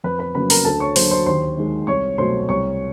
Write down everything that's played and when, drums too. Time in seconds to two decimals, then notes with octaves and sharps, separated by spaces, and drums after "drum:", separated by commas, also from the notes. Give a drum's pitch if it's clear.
0.04 F2 B4 B5
0.19 B4 B5
0.35 C#3 F#3 A#3 B4 B5
0.50 A#4 A#5, drum: open hi-hat
0.65 D2 A4 A5
0.80 C#5 C#6
0.96 D3 F#3 A#3 C5 C6, drum: open hi-hat
1.11 C5 C6
1.26 D#2 C5 C6
1.57 D#3 G#3
1.87 C2 C#5 C#6
2.18 B2 F#3 A3 C5 C6
2.48 C2 C#5 C#6